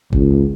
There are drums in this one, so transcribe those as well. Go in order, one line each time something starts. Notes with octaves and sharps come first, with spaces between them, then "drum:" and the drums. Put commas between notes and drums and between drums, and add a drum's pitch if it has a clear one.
C#2, drum: kick G#1